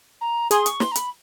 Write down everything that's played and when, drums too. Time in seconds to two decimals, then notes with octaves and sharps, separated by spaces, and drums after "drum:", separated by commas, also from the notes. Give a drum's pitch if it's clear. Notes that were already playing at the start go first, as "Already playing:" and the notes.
0.21 A#5
0.51 G#4 C6, drum: hi-hat
0.66 C#6, drum: hi-hat
0.80 C6, drum: snare
0.91 A#5
0.95 B5, drum: hi-hat